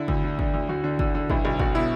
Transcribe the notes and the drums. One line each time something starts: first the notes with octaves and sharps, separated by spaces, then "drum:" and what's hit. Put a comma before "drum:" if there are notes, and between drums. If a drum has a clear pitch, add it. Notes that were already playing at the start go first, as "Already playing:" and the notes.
Already playing: D3 E4
D2, drum: kick
D3
D3, drum: kick
D2
D2 F#4
D3
D3, drum: kick
D3
B1 E4, drum: kick
B1
B1 F#4, drum: kick
B2 E4